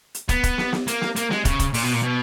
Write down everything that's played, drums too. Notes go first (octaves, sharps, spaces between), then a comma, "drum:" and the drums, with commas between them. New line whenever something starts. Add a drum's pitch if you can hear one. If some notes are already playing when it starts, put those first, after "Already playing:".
drum: hi-hat
B3, drum: kick, hi-hat
drum: kick, hi-hat
drum: snare
drum: snare
A#3, drum: hi-hat
drum: snare
A#3, drum: hi-hat
G#3, drum: snare
C#3, drum: kick, hi-hat
drum: kick, hi-hat
A#2, drum: open hi-hat
B2
A#2
B2